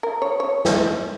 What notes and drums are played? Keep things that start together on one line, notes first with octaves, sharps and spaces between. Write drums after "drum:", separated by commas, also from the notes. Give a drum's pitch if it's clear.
A#4
C#5
C#5
drum: snare